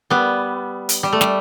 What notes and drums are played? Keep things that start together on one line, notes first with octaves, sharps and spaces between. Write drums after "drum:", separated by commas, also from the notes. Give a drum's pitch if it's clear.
G3 B3
drum: hi-hat
G3
A3
G3, drum: snare